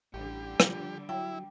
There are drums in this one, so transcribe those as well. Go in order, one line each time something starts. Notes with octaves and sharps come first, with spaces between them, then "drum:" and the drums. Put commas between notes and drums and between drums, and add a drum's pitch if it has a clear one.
A1 D3 G3 G4
F3, drum: rim click
F#3 E4 G5